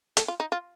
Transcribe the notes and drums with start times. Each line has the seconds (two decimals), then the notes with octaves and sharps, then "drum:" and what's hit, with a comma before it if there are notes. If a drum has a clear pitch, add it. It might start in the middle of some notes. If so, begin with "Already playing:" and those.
0.17 A4, drum: hi-hat
0.28 F4
0.40 D#4
0.52 F4